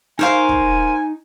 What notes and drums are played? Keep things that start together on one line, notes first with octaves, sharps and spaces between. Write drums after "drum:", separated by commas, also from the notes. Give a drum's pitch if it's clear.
D#4 A#4 C5 F5 G#5 C#6
drum: kick